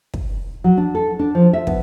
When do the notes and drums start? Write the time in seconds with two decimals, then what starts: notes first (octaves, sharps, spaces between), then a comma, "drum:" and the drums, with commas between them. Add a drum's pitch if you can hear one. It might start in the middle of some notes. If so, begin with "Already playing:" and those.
0.14 drum: kick
0.64 F#3
0.77 D4
0.95 A4
1.19 D4
1.35 F3
1.53 E5
1.67 B3, drum: kick